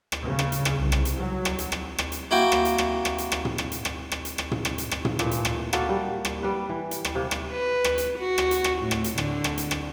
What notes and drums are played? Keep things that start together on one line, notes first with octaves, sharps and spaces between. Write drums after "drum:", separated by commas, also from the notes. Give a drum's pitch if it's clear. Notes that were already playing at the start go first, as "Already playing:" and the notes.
drum: rim click
C#3
drum: rim click
drum: hi-hat
drum: rim click
C2
drum: rim click
drum: hi-hat
F#3
drum: rim click
drum: hi-hat
drum: rim click
drum: rim click
drum: hi-hat
A#3 E4 F#4 G5
drum: rim click
drum: hi-hat
drum: rim click
drum: rim click
drum: hi-hat
drum: rim click
drum: tom
drum: rim click
drum: hi-hat
drum: rim click
drum: rim click
drum: hi-hat
drum: rim click
drum: tom
drum: rim click
drum: hi-hat
drum: rim click
drum: tom
A#2 E3 A3, drum: rim click
drum: hi-hat
drum: rim click
A#3 F#4 A4, drum: rim click
G3
drum: rim click
G3 B4
E3
drum: hi-hat
drum: rim click
C3 A#3
drum: rim click
B4
drum: rim click
drum: hi-hat
F#4
drum: rim click
drum: hi-hat
drum: rim click
A2
drum: rim click
drum: hi-hat
D3, drum: rim click
drum: rim click
drum: hi-hat
drum: rim click